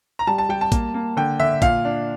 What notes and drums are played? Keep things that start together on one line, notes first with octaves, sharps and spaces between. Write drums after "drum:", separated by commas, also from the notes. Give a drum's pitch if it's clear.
A#5
G3 A5
A5
G3 G5
A5
A#3, drum: kick, hi-hat
A#3
D3 G5
D3 E5
A#2 F5, drum: kick, hi-hat
D4